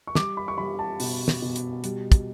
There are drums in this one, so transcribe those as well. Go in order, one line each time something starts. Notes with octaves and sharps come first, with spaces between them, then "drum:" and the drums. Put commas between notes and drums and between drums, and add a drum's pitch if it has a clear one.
C#6
G3 D6, drum: snare
B5
C#6
G3 B5
A5
B2, drum: open hi-hat
drum: snare
B2
drum: hi-hat
G3, drum: hi-hat
drum: kick, hi-hat